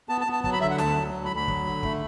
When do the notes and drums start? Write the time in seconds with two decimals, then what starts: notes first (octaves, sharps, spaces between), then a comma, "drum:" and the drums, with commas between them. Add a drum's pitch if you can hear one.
0.09 B3 A5
0.21 A5
0.27 B3
0.33 A5
0.44 F#3 A5, drum: kick
0.53 B5
0.61 D3 E5
0.70 F#5
0.78 D2 A5, drum: snare
0.96 F#3
1.14 D2
1.25 B5
1.31 D2
1.36 B5
1.48 F#3, drum: kick
1.66 D3
1.83 A3, drum: kick